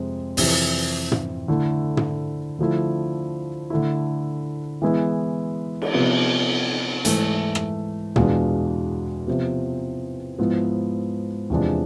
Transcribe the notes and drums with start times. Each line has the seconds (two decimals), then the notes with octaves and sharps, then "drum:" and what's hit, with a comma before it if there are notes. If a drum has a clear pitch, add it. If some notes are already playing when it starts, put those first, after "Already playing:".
Already playing: F2 C3 G#3
0.37 F2 C3 E3, drum: open hi-hat
1.12 drum: tom
1.48 D3 A3 E4
1.97 drum: tom
2.59 D3 F3 A3 E4
3.70 D3 A3 E4
4.82 E3 G#3 B3 E4
5.82 drum: cymbal
5.93 C3 F3 B3 F4
7.05 G#2 E3 A3, drum: hi-hat
7.55 drum: rim click
8.16 E2 B2 G#3 D4 F4, drum: tom
9.27 C3 F3 B3
10.39 G#2 F3 B3 E4
11.50 E2 C3 F3 G#3 D4